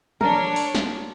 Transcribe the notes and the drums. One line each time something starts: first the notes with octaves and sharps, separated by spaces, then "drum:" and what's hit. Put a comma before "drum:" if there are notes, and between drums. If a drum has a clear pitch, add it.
D4 A#4 C#5, drum: tom
drum: open hi-hat
drum: snare